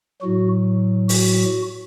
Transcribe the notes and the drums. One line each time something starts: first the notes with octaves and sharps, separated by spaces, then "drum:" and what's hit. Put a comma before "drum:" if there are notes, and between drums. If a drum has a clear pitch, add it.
A2 F#3 F#4
F#4, drum: open hi-hat